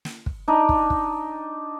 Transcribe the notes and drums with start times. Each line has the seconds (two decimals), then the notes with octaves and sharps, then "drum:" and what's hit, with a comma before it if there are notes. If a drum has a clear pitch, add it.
0.05 drum: snare
0.26 drum: kick
0.48 D4 D#4
0.69 drum: kick
0.90 drum: kick